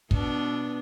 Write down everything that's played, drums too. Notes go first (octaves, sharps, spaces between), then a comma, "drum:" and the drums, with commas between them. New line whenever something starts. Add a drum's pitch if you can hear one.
B2 B3 D4, drum: kick